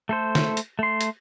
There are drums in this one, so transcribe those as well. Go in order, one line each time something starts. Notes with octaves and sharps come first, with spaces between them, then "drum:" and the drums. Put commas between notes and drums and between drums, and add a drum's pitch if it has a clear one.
A3 A4 C5
drum: snare
drum: hi-hat
A3 C6
drum: hi-hat